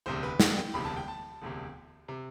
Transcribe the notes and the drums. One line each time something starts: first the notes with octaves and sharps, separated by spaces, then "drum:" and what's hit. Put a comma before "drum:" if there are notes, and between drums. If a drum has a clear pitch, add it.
E1 D2 C3 C5
B4
G5, drum: snare
G5
E1 D2 C3 B5
A5
G5
A5
E1 D2 C3
C3